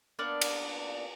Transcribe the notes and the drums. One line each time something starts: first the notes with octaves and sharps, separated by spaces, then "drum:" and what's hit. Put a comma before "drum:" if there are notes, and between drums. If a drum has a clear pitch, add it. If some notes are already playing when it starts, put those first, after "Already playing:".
A#3 B3 D4 D5
drum: cymbal